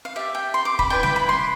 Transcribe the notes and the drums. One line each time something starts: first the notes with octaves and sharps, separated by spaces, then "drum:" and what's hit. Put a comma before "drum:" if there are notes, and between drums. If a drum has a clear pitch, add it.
F5
G4 D5 E5
G5
C6
D6
B5, drum: kick
E4 B4 D5 G5
G5, drum: snare
B5
C6